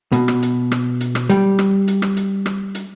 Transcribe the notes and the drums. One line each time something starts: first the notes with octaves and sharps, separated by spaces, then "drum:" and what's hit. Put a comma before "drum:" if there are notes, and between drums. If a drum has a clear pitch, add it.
B2, drum: hi-hat
drum: rim click
drum: hi-hat
drum: rim click
drum: hi-hat
drum: rim click
G3, drum: hi-hat
drum: rim click
drum: hi-hat
drum: rim click
drum: hi-hat
drum: rim click
drum: hi-hat